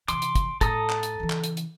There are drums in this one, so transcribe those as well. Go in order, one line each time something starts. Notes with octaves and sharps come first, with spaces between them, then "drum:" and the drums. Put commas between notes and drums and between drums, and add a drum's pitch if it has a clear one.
C3 E3 C6 D6, drum: hi-hat
drum: hi-hat
drum: kick, hi-hat
A2 A4 A#5 D#6, drum: kick, hi-hat
drum: clap
drum: hi-hat
C#3 E3
drum: clap
drum: hi-hat
drum: hi-hat